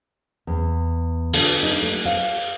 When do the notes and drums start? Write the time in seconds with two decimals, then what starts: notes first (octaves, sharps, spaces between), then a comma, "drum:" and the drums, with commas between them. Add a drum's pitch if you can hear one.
0.47 E2
1.33 D3, drum: open hi-hat
1.63 D#4
1.82 A3
2.05 F5